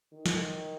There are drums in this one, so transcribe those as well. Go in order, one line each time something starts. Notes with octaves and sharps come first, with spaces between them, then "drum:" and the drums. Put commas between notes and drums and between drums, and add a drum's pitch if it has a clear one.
D#3
drum: snare